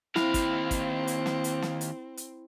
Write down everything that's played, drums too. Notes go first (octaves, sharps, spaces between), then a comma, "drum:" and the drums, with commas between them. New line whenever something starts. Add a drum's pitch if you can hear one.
D#2 C4 E4 F5, drum: snare
drum: kick, hi-hat
drum: kick, hi-hat
drum: hi-hat
drum: snare
drum: hi-hat
drum: snare
drum: hi-hat
drum: hi-hat